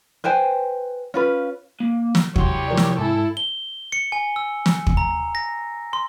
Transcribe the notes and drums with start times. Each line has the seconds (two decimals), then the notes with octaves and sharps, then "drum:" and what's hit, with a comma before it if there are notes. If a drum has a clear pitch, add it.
0.24 B4 C5 G5 G#5
1.14 C#4 F4 B4
1.80 A#3
2.15 drum: snare
2.36 C2 F#3 F#4 G4 C#5 C6, drum: kick
2.68 F3 A#4 D5
2.77 drum: snare
2.99 G#2 E4 A4 G#5
3.37 G7
3.92 C#7
4.12 G#5
4.36 E6
4.66 drum: snare
4.87 drum: kick
4.97 A#5
5.35 A#6
5.93 C6